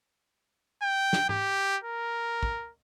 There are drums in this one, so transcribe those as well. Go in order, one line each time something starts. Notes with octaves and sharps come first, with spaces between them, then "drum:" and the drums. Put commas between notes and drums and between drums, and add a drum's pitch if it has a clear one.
G5
drum: snare
G4, drum: tom G#2
A#4
drum: kick